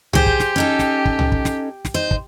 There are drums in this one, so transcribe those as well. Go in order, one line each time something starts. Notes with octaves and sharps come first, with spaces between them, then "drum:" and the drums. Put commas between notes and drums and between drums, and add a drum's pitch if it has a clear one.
G4 G#4 C5, drum: tom C2
drum: kick
drum: snare
C#4 D#4 A4
drum: snare
drum: kick
drum: tom C2
drum: kick
drum: snare
drum: snare
D#4 C5
drum: kick